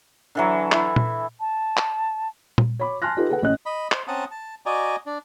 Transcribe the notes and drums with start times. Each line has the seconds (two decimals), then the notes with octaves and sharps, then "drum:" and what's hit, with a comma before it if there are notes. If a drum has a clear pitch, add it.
0.35 D3 E3 F#3
0.72 E4, drum: clap
0.96 drum: tom A#2
1.40 A5
1.77 drum: clap
2.58 drum: tom A#2
2.79 C#5 B5 D6
3.02 G#5 A5 C6 F6 F#6 A#6
3.17 D#4 F4 G4 A4 B4
3.29 G#4 A4 B4 F#5
3.42 A1 C#4 D#5 F#6
3.66 D#5 B5
3.92 C5, drum: clap
4.08 C4 C#4 F#5 A5 A#5 D#6
4.31 A5
4.66 F#4 D5 D#5 G#5 A#5
5.06 D4